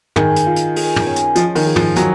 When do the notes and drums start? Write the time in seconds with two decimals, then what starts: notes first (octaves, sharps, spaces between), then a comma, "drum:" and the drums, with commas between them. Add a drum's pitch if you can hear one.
0.16 D#3 G#4, drum: tom
0.36 drum: hi-hat
0.46 F4
0.56 drum: hi-hat
0.76 G#4, drum: open hi-hat
0.96 drum: tom
1.06 C#4
1.16 drum: hi-hat
1.35 F3 D#5, drum: hi-hat
1.55 D#3, drum: open hi-hat
1.66 G#4
1.76 F3, drum: tom
1.96 D#3 F#3 G#4, drum: hi-hat